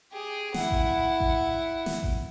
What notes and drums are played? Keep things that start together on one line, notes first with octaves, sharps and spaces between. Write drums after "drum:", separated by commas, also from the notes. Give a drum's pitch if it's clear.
G4 G#4
E4 F#5, drum: snare
drum: kick A1
drum: kick A1
drum: snare
drum: kick A1